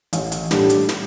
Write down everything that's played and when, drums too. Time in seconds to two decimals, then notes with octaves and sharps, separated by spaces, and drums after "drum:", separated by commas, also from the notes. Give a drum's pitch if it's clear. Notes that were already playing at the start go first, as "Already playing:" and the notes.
0.13 A1, drum: hi-hat
0.32 drum: hi-hat
0.51 A2 G3 D4 G4, drum: snare
0.70 drum: hi-hat
0.89 drum: snare